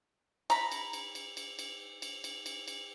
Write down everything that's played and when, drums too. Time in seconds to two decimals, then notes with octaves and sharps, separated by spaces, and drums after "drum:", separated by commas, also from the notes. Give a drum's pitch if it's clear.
0.50 A#5 B5, drum: cymbal
0.72 drum: cymbal
0.93 drum: cymbal
1.15 drum: cymbal
1.37 drum: cymbal
1.59 drum: cymbal
2.02 drum: cymbal
2.24 drum: cymbal
2.46 drum: cymbal
2.68 drum: cymbal